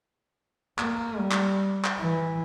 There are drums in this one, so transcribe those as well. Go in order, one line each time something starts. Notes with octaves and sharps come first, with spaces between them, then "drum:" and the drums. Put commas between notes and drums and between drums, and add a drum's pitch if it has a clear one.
A#3, drum: clap
G3
drum: clap
drum: clap
E3